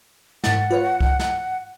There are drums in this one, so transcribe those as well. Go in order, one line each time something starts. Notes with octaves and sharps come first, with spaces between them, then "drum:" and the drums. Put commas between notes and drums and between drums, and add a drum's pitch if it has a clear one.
G#2 F#5 A6, drum: snare
F4 B4 C#5
drum: kick C2
drum: snare